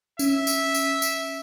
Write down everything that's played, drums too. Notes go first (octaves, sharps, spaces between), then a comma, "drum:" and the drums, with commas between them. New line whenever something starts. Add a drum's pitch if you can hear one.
C#4 E5, drum: tambourine
drum: tambourine
drum: tambourine
drum: tambourine